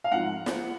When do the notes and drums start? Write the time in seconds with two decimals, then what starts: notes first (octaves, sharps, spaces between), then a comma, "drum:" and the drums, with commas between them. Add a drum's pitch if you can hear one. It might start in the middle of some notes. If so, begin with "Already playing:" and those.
0.04 F5
0.12 G#2 F3 F#5
0.46 drum: snare